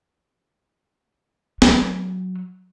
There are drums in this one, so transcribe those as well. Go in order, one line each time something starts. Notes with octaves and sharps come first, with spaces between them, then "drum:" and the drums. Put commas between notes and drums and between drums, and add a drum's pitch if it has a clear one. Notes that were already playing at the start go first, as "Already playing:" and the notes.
F#3, drum: snare